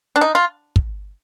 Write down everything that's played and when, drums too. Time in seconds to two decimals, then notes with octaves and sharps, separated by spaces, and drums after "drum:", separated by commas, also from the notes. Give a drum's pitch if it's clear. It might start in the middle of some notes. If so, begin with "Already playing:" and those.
0.16 D4
0.21 D#4
0.35 F4
0.76 drum: kick